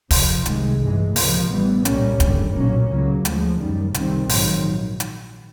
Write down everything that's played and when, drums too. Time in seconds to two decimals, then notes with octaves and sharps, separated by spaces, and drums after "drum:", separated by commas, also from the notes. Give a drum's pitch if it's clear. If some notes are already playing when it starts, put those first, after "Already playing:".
0.11 F2 C3 F3, drum: kick, open hi-hat
0.46 C2 C3 D#3 G#3, drum: hi-hat
0.80 A1 G2 E3 G#3
1.16 C#2 C3 F3 A#3, drum: open hi-hat
1.51 A1 G2 E3 G3 B3
1.85 C2 A#2 G3 A#3 C#4, drum: hi-hat
2.20 G#1 F#2 D3 G3, drum: kick, hi-hat
2.55 B1 A#2 F#3 A#3 C#4
2.90 C#2 C#3 F#3 A#3
3.25 D2 C#3 F3 G#3, drum: hi-hat
3.60 F#1 F#2 D#3 G3
3.94 C2 C3 D#3 G3 C4, drum: hi-hat
4.29 A#1 G#2 D#3 F#3, drum: open hi-hat
5.00 drum: hi-hat